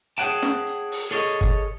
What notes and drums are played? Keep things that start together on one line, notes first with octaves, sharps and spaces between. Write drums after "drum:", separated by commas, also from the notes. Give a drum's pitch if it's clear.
G#4 A#4 C#5 F#5 G5 A5, drum: hi-hat
drum: snare
drum: hi-hat
drum: open hi-hat
G#4 A4 C#5 D#5
drum: kick G1, hi-hat